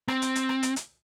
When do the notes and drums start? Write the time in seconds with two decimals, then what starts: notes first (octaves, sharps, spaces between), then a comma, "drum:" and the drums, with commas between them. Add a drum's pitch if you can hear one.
0.08 C4, drum: rim click
0.22 drum: hi-hat
0.35 drum: hi-hat
0.49 drum: rim click
0.63 drum: hi-hat
0.76 drum: hi-hat